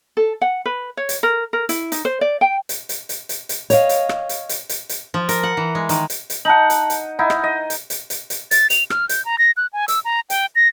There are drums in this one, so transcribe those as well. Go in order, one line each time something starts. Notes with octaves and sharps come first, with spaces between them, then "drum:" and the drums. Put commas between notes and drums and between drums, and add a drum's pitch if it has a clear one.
A4
F#5
B4
C#5
drum: hi-hat
A#4
A#4
E4, drum: hi-hat
D#4, drum: hi-hat
C5
D5
G5
drum: hi-hat
drum: hi-hat
drum: hi-hat
drum: hi-hat
drum: hi-hat
C#5 D#5 F5, drum: hi-hat
drum: hi-hat
drum: rim click
drum: hi-hat
drum: hi-hat
drum: hi-hat
drum: hi-hat
F3
A#4, drum: hi-hat
F#5
E3
G#3
D#3, drum: hi-hat
drum: hi-hat
drum: hi-hat
D#4 F#5 A5 F#7
drum: hi-hat
drum: hi-hat
D#4 E4 F#5
drum: rim click
D#5
drum: hi-hat
drum: hi-hat
drum: hi-hat
drum: hi-hat
A6, drum: hi-hat
F7, drum: hi-hat
F6, drum: rim click
G6, drum: hi-hat
A#5
A#6
F#6
G#5
E6, drum: hi-hat
A#5
G5, drum: hi-hat
A#6